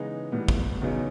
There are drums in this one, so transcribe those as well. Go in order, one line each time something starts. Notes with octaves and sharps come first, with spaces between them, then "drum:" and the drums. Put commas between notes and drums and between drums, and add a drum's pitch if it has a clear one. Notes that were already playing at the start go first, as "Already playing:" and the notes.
Already playing: C#3 E3 G#3 B3 D#4
A2 E3 G3 B3
drum: kick
E2 C#3 F#3 B3 D#4